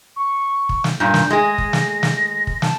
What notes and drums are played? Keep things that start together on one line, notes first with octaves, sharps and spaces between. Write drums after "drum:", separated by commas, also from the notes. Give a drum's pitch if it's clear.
C#6
drum: kick
drum: snare
G2 A#2 G6
drum: snare
G#3 G#4 A#6
drum: kick
drum: snare
drum: snare
drum: kick
A5, drum: snare